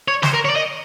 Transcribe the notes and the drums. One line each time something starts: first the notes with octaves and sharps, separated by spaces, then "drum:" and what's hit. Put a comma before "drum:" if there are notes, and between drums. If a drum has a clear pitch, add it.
C#5
C5, drum: snare
A#4
C#5
D5
D#5